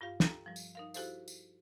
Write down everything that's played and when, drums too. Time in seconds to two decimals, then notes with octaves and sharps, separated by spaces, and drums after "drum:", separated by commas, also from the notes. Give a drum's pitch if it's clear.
0.01 G2 F4 G4 F5
0.20 G4 A4 G5 A#5, drum: snare
0.46 F3 G3
0.56 drum: tambourine
0.75 D#4 A#4 F5
0.94 E4 F#4 G4 A4 C5 F5, drum: tambourine
1.28 drum: tambourine